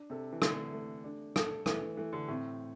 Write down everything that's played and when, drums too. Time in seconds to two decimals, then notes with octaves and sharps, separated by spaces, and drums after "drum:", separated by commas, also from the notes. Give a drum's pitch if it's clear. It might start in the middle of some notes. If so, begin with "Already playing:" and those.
Already playing: D4
0.10 C3 A4
0.33 E3
0.42 D3 A3, drum: rim click
0.73 A3
1.04 D4
1.36 A4, drum: rim click
1.66 E3 A3, drum: rim click
1.82 E3
1.97 E3 A3
2.13 D3
2.28 A2 C4